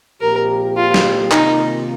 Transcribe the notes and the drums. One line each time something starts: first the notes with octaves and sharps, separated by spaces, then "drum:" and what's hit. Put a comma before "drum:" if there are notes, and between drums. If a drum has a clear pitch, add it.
A#1 A#2 F3 C4 G4 A#4
F4
drum: snare
C3 D#3 A#3 D#4 F4, drum: clap